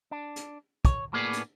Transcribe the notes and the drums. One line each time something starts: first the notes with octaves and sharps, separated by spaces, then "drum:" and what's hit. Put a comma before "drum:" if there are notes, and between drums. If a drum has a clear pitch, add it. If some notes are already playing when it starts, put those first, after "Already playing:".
D4
drum: hi-hat
C#5, drum: kick, hi-hat
A2 A#3 B3 G#4 D5
drum: hi-hat